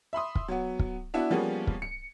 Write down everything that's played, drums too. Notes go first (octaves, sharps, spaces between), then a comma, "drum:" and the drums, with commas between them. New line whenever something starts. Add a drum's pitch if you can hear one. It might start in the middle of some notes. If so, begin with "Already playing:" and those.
E5 B5 C6 D#6
drum: kick
F#3 B3
drum: kick
B3 D4 E4 F#4
F3 G3 A#3 B3 C#4 G#4
drum: kick
C#7